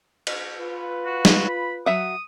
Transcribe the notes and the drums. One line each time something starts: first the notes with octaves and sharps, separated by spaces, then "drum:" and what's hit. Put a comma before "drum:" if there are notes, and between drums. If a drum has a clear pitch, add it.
drum: cymbal
F4 B4
F#4
drum: snare
B5
F#3 E5 F#5 D#6